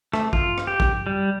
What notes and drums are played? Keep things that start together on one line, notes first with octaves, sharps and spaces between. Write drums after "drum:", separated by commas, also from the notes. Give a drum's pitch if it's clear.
A3, drum: rim click
F4, drum: kick
drum: rim click
G4
drum: kick
G3